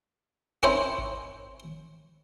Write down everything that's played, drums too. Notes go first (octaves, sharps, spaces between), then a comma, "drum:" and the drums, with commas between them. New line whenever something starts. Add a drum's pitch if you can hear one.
C4 C#4 D#4 E4 C5 C#5, drum: kick G#1
drum: kick G#1